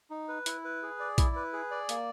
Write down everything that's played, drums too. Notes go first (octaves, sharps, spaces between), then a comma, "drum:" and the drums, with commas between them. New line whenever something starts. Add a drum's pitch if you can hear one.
D#4
B4
E4, drum: hi-hat
B4
G#4
D5
E4, drum: kick A#1, hi-hat
B4
G#4
D5
A#3, drum: hi-hat